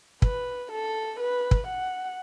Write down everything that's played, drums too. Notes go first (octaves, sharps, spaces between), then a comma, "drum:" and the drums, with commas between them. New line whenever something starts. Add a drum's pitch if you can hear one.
B4, drum: kick
A4
B4
drum: kick
F#5